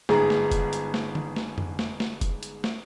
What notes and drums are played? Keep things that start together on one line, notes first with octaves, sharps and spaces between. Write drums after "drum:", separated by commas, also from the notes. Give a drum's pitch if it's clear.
G1 G#2 G#3 G#4 A#5, drum: snare
drum: snare
drum: kick F1, hi-hat
drum: hi-hat
drum: snare
drum: tom D3
drum: snare
drum: tom F2
drum: snare
drum: snare
drum: kick F1, hi-hat
drum: hi-hat
drum: snare